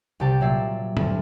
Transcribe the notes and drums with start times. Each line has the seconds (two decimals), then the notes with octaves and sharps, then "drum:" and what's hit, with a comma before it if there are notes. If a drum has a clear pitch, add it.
0.20 C2 C3 G4 A5
0.41 A#2 F#3 D5 E5 C7
0.97 D2 G2, drum: tom A2